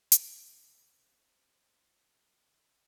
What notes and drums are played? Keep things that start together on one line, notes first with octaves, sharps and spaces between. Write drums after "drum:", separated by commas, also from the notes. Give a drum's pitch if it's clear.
drum: hi-hat
E2 B2 B3 C4
C2 C#4 G#4